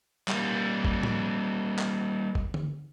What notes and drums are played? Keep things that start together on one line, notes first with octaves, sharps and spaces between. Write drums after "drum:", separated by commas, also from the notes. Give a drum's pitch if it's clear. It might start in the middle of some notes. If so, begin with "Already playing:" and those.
G3 A#3, drum: clap
drum: kick
drum: tom A2
drum: clap
drum: kick
drum: tom D3